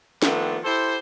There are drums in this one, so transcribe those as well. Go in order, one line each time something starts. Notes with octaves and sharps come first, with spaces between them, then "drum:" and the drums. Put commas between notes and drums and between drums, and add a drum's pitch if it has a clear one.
D#3 F3 A3 B3 C4 D4, drum: snare
E4 G4 A4 C5